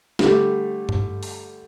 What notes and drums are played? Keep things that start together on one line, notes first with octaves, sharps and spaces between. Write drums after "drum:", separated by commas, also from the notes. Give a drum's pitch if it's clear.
D3 G3 A3, drum: snare
drum: tom G2
drum: open hi-hat